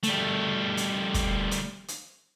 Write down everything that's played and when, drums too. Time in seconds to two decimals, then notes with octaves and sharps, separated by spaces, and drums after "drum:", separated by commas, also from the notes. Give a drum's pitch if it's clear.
0.03 G3 A3, drum: hi-hat
0.77 drum: hi-hat
1.14 drum: kick, hi-hat
1.51 drum: hi-hat
1.88 drum: hi-hat